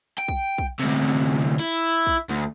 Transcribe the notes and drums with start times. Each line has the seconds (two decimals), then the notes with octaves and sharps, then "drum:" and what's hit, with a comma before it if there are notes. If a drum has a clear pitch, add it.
0.18 G5
0.28 drum: kick
0.58 drum: kick
0.80 D2 C3
1.59 E4
2.06 drum: kick
2.29 D2, drum: snare